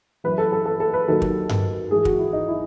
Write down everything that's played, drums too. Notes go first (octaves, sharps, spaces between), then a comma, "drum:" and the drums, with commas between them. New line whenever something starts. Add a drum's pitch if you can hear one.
F#2 E3 B4
A4
A4
A4
A4
B4
D#2 D#3 F#3 A4
drum: kick
drum: tom G2
G#2 E3 G#4
F#4, drum: kick
E4
D#4
E4